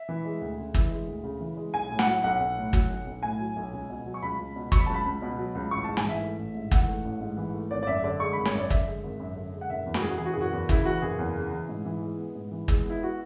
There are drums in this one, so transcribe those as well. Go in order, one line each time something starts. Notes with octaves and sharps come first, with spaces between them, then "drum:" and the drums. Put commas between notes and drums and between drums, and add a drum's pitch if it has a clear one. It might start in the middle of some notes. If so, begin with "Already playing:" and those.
Already playing: E5
E3
G#3
D2
C#3
E3, drum: kick
G#3
D2
C#3
E3
G#3
B1 G#5
A2
F#5, drum: snare
F#3
B1 F#5
B1
A2
F#3, drum: kick
B1
B1
A2 G#5
F#3
B1
C#2
B2
F#3
C#6
C#2 B5
C#2
B2
F#3 C#6, drum: kick
B5
A5
C#2
B5
C#2
B2
F#3
C#2
A1 C#6
G#2 A5
G#5, drum: snare
E3 E5
A3
A1
G#2
E3 F#5, drum: kick
A3
A1
G#2
E3
A3
G#1 D5
D5
F#2 E5
D3 D5
G#3 C#6
G#1 B5
C#5, drum: snare
F#2 D5
D3 E5, drum: kick
G#3
G#1
F#2
D3
G#3
F#5
F#1 E5
E2
F#4, drum: snare
C#3 G#4
F#4
E3 G#4
F#4
G#4
F#1 F#4
E2
C#3 E4, drum: kick
E3 F#4
F#1 G#4
E2
C#3
E3
G#2
E3
G#3
B3
G#2
E3
G#3, drum: kick
B3
E4
F#4